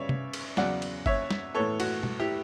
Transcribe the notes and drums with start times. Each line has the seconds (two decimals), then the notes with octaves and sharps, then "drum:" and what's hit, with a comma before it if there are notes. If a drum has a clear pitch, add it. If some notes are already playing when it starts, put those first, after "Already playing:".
Already playing: C#3 G3 B3 C#5 D5 E5
0.09 drum: tom C3
0.33 drum: cymbal
0.57 E2 C#3 F#3 D5 F#5, drum: snare
0.82 drum: cymbal
1.06 C#5 E5, drum: kick G1
1.31 drum: snare
1.54 A2 E3 B3 A4 C#5
1.80 F#4, drum: cymbal
2.03 drum: tom
2.19 E4 G4